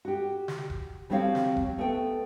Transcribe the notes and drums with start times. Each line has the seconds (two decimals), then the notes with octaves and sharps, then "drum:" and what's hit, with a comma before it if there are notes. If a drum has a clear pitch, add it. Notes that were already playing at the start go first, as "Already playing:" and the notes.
0.05 F#4 G4
0.48 drum: snare
0.70 drum: kick E1
1.10 F3 G3 C4 F#4 C#5 F5
1.35 drum: snare
1.57 drum: kick E1
1.78 A3 B3 G5